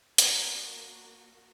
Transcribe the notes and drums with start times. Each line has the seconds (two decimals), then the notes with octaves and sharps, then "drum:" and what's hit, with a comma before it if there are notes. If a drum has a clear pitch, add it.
0.18 A#3 B3 D4 F#4 A#4 D5 A#5, drum: hi-hat